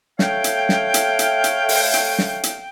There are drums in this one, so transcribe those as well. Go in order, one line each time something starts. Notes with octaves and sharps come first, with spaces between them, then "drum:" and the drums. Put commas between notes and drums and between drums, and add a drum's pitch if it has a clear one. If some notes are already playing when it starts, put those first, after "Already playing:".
A3 C#5 F5 G5, drum: snare
drum: hi-hat
drum: snare
drum: hi-hat
drum: hi-hat
drum: hi-hat
drum: open hi-hat
drum: hi-hat
drum: snare
drum: hi-hat